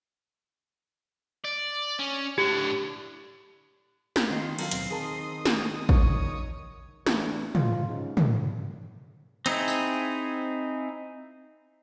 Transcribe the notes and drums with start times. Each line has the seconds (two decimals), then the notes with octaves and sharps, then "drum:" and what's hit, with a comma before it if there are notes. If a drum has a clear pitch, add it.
1.44 D5
1.99 C#4
2.38 A2 D4 G4
4.16 drum: snare
4.30 D#3 C4 F4 D#5 C6
4.59 F#3 D#4 A4 A#4 F5, drum: cymbal
4.71 D#2 B2 C4, drum: hi-hat
4.91 D#3 G#4 A#4 A5 D#6
5.45 drum: snare
5.89 C#5, drum: kick A1
7.06 E2 A2 E3 A3 D4, drum: snare
7.55 F3 G#3 F4, drum: tom
7.87 G#2 C#3
8.17 drum: tom
9.46 C4 D#4 E4 G#4, drum: hi-hat
9.68 drum: tambourine